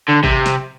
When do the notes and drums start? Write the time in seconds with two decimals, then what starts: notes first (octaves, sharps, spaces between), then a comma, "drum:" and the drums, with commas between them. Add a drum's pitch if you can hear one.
0.09 D3
0.24 C3, drum: kick G#1
0.46 drum: snare